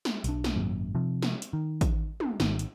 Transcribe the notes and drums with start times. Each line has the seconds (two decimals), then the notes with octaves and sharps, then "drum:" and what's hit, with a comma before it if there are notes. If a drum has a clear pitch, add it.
0.05 drum: snare
0.24 B1 D4, drum: hi-hat
0.44 drum: snare
0.56 G#1 F#2 A#2
0.95 C3 F3
1.22 drum: snare
1.42 drum: hi-hat
1.53 D#3
1.81 drum: kick, hi-hat
2.20 drum: tom
2.40 G#1 D#3, drum: snare
2.59 drum: hi-hat